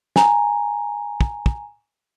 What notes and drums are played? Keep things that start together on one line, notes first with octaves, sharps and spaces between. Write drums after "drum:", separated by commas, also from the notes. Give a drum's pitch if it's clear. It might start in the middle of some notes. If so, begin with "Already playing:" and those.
G#5 A#5, drum: snare
drum: kick
drum: kick